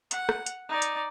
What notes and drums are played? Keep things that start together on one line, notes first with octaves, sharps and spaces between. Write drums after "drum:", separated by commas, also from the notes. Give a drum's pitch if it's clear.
F#5, drum: hi-hat
drum: rim click
drum: hi-hat
D#4 D5
drum: hi-hat